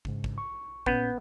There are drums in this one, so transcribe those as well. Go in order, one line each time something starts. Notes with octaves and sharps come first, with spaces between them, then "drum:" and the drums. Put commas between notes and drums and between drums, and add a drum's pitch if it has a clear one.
G#2 C#3, drum: kick
drum: kick
C#6
A#2 B3 C#4 G6, drum: kick